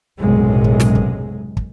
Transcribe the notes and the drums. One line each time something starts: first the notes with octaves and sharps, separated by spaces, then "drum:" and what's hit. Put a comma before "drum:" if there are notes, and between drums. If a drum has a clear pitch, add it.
B1 F#2 A2 C3 G#3
drum: kick
drum: snare
drum: kick
drum: kick